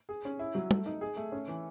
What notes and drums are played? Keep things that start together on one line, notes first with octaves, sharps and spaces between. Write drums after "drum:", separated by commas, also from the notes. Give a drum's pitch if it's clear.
G#4
C#4
E4
F#3
A3, drum: tom
D#4
G#4
A3
C#4
E3